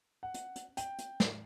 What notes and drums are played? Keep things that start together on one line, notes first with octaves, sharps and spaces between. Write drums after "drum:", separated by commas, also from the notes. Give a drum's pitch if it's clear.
F#5
drum: hi-hat
drum: hi-hat
G5, drum: hi-hat
drum: hi-hat
drum: snare